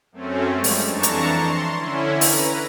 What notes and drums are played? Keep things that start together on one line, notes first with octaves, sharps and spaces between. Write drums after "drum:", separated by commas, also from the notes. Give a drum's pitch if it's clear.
F#2 A3 C4 C#4
F3 G3 G#3
drum: open hi-hat
F2 E3 D4 A5 A#5 C#6
drum: hi-hat
C6
D3 C#4 E4
B4 A#5, drum: open hi-hat